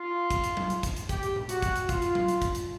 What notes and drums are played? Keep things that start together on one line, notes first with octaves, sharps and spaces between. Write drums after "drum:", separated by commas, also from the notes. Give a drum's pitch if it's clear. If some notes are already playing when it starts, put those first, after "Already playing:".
Already playing: F4
drum: kick, hi-hat
drum: hi-hat
drum: tom F#3
drum: hi-hat
drum: kick, hi-hat
drum: hi-hat
G4, drum: kick, hi-hat
drum: hi-hat
drum: tom A#2
F#4, drum: hi-hat
drum: kick, hi-hat
drum: hi-hat
F4, drum: kick, hi-hat
drum: hi-hat
drum: tom F#3
drum: hi-hat
drum: kick, hi-hat
drum: hi-hat